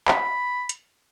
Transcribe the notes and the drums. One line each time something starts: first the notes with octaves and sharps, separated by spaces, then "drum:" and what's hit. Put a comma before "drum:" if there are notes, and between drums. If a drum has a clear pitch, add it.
B5, drum: clap
drum: hi-hat